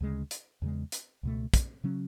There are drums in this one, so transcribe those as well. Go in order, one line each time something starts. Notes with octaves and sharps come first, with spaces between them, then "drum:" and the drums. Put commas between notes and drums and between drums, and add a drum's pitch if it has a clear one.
D2 C#3 G#3
drum: hi-hat
E2 C#3 G#3
drum: hi-hat
C#2 B2 A3
drum: kick, hi-hat
C#3 F#3 C#4